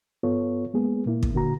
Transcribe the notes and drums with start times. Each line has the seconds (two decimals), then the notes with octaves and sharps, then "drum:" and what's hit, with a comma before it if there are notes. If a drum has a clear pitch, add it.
0.23 G2 B3 F4 A4 C#5
0.74 G#3 A#3 B3 G#4
1.06 A#2 A#3 E4
1.23 drum: kick
1.33 A#2 D3 A#3 F#4 A#5